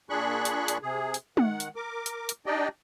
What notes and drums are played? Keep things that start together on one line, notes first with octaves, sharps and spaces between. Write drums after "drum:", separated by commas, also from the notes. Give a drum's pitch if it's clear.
A#2 D4 G#4 B5 C#6 F#6
drum: hi-hat
drum: hi-hat
C3 G#4
drum: hi-hat
D#3 F#5, drum: tom G#3
drum: hi-hat
A#4 D6
drum: hi-hat
drum: hi-hat
D4 D#4 G4 D5 D#5 G5